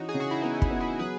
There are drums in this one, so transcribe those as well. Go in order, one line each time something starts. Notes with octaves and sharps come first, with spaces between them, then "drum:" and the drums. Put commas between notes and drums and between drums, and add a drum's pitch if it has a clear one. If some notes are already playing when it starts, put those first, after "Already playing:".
Already playing: E3 C#4 D#4 F#4
G#4
C#3
F#4
E4
B3 D#4
E4, drum: kick
B3
E4
F#3 G#4 B4